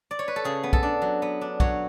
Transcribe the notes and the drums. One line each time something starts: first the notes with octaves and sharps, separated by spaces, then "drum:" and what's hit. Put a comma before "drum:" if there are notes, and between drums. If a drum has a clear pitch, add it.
D5
C#5
B4
A4
C#3 G#4
B3
A4, drum: kick B1
D4
F#3
B3
D4
F#3 C#5, drum: kick B1